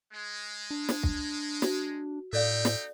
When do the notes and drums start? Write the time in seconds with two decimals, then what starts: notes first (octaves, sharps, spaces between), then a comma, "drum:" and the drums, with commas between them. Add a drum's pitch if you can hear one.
0.12 G#3
0.71 D4
0.89 drum: snare
1.03 drum: kick
1.62 F#4, drum: snare
2.33 A2 D#4 A4 D5 E5 F5 G5
2.65 drum: snare